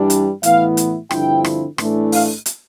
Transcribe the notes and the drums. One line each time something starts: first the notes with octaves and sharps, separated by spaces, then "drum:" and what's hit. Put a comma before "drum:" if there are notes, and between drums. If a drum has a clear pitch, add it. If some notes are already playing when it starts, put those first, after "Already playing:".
Already playing: G2 E3 G3 D4
drum: hi-hat
A2 E3 B3 E4 F5, drum: hi-hat
drum: hi-hat
G2 D3 F3 C4 E4 G5, drum: rim click
drum: rim click
A2 E3 A3 D4, drum: rim click
F5, drum: open hi-hat
drum: hi-hat